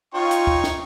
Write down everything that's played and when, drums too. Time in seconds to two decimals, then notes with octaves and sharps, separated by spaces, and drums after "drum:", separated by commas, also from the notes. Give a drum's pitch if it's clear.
0.14 D#4 F4 C#5 G5 C#6
0.31 drum: hi-hat
0.47 drum: kick
0.64 drum: snare